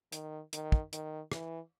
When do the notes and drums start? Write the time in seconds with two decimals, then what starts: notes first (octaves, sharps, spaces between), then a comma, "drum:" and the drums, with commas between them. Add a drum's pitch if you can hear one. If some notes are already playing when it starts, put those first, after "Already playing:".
0.12 D#3, drum: hi-hat
0.53 D#3, drum: hi-hat
0.72 drum: kick
0.93 D#3, drum: hi-hat
1.32 E3, drum: rim click